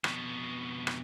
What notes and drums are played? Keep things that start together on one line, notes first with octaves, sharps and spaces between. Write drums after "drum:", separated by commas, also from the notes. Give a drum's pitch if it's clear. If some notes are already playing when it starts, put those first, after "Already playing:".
F2 B2, drum: rim click
drum: rim click